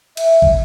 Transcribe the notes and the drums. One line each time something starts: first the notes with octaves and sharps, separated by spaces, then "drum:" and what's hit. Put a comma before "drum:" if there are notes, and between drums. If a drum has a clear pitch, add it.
E5, drum: cymbal
drum: kick